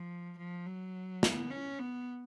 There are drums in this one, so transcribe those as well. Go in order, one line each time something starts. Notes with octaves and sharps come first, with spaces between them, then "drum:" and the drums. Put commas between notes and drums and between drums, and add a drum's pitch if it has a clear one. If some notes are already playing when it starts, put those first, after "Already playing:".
Already playing: F3
F3
F#3
B3, drum: snare
C#4
B3